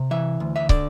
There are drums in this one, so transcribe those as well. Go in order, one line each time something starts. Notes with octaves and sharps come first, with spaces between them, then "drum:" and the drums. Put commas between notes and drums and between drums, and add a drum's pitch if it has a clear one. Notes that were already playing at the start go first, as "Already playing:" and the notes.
Already playing: C3
E3 E5
D2
E5
D3 D5, drum: kick